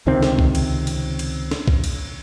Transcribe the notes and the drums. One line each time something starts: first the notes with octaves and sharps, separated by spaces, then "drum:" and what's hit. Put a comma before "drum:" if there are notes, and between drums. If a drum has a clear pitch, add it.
C#2 C3 D#3 C4
drum: snare
drum: kick B1
drum: cymbal
drum: cymbal
drum: cymbal
drum: snare
drum: kick B1
drum: cymbal